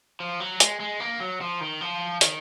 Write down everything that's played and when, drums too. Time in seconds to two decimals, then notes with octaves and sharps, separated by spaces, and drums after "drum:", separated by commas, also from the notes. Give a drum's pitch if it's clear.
0.20 F3
0.40 F#3
0.60 G#3, drum: hi-hat
0.80 G#3
1.00 A#3
1.20 F#3
1.41 F3
1.61 D#3
1.81 F3
2.21 D#3, drum: hi-hat